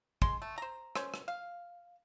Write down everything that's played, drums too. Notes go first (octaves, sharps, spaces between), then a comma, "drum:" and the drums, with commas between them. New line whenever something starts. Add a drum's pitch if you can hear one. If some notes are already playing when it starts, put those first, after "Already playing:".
G#3 C6, drum: kick
A3
C5 A#5
C#4 C5, drum: rim click
drum: rim click
F5